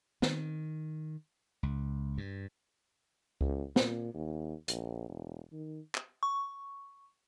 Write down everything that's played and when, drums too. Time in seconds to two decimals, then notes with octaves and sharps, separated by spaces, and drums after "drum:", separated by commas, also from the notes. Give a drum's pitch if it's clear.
0.22 D#3, drum: snare
1.63 C#2
2.18 G2
3.41 C#2, drum: kick C#2
3.76 A#2, drum: snare
4.14 D#2
4.68 A#1, drum: hi-hat
5.09 E1
5.53 D#3
5.95 drum: clap
6.23 C#6